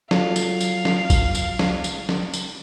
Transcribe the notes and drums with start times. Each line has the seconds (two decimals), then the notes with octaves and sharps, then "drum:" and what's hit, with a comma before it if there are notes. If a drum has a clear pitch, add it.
0.11 F#3 F4 A4 F5, drum: snare
0.36 drum: tambourine
0.60 drum: tambourine
0.85 drum: snare
1.10 drum: kick A#1, tambourine
1.35 drum: tambourine
1.59 drum: snare
1.84 drum: tambourine
2.09 drum: snare
2.34 drum: tambourine